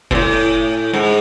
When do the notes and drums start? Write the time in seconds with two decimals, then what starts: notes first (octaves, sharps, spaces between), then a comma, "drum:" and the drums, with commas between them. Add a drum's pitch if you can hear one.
0.11 B2, drum: kick F#1
0.15 A2
0.94 G#2